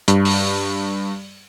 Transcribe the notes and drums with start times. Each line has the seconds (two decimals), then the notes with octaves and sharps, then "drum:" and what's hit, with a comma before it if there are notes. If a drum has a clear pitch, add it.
0.08 G2, drum: hi-hat
0.25 drum: open hi-hat